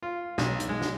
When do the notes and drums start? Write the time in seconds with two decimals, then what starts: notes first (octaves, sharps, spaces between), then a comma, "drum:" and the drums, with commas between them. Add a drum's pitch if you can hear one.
0.02 F4
0.38 B1, drum: snare
0.60 drum: hi-hat
0.69 G#3
0.82 drum: snare